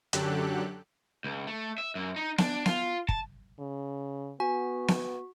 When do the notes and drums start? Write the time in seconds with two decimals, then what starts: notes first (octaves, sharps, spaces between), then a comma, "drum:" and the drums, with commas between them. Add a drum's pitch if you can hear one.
0.13 F#2 D3 F#3 G4 A4 F#6, drum: hi-hat
1.24 C#2
1.47 A3
1.78 E5
1.95 F#2
2.16 D#4
2.38 D4, drum: snare B3
2.66 F4, drum: snare B3
3.09 A5, drum: kick
3.60 C#3
4.40 B3 F#4 G#5
4.88 drum: snare B3